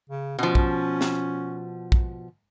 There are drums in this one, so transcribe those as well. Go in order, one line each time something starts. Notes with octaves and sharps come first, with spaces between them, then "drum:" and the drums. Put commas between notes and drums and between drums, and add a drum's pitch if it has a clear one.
C#3
B2 F3 C#4
drum: kick
drum: snare
drum: kick